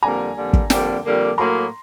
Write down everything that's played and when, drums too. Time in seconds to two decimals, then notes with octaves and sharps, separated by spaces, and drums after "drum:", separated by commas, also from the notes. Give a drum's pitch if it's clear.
0.03 F2 D3 G3 A#3 G#5 A#5
0.36 F2 D3 G3 A#3
0.53 drum: kick
0.70 F2 D3 G3 A#3 G5 A5, drum: snare
1.04 F2 D3 G3 A#3
1.38 A2 F#3 A#3 A#5 C6